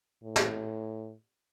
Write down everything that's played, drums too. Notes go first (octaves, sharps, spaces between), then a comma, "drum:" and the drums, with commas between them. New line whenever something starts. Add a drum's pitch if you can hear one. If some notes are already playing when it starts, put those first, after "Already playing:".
A2
drum: snare